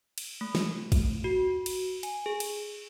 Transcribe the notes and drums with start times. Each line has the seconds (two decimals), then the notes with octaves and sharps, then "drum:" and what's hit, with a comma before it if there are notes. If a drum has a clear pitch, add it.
0.18 drum: cymbal
0.41 A3
0.55 drum: snare
0.92 drum: kick, cymbal
1.24 F#4
1.66 drum: cymbal
2.03 G#5, drum: cymbal
2.26 G#4
2.40 drum: cymbal